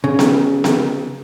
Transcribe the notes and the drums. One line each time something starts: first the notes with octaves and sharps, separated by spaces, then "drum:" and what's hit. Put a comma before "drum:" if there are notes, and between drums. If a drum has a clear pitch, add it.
C#3
drum: snare B3
drum: snare B3